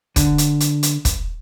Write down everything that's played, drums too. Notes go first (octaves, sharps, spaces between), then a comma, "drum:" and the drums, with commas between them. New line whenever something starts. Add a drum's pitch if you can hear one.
D3, drum: kick, hi-hat
drum: hi-hat
drum: hi-hat
drum: hi-hat
drum: kick, hi-hat